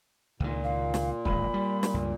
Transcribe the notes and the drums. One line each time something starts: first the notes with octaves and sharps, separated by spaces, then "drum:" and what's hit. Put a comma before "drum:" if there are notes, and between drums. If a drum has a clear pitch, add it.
C#2 A#2 D#3
F5
drum: snare
D1 G#1 G#3 B5, drum: kick
G3
drum: snare
C#2 G2